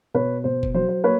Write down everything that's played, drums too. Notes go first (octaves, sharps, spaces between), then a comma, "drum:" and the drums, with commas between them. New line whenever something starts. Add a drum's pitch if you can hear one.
B2 B4 C#5
B2 C5
drum: kick F1
F#3 C5
C5
A#3 B4 C#5